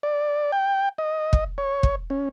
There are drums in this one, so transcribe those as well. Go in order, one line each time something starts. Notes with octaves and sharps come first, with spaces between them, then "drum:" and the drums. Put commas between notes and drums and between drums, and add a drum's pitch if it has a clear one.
D5
G5
D#5
drum: kick
C#5
drum: kick
C#4